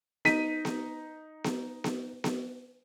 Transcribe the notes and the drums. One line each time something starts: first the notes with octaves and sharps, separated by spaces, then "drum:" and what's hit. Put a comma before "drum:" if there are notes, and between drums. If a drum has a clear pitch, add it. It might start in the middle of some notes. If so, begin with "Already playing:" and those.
D#4 B6 D#7, drum: snare B3
drum: snare B3
drum: snare B3
drum: snare B3
drum: snare B3